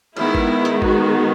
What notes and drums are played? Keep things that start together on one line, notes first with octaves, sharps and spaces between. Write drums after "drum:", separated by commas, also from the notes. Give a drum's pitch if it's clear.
D#3 G#3 B3 E4, drum: cymbal
drum: kick
drum: hi-hat
F#4, drum: kick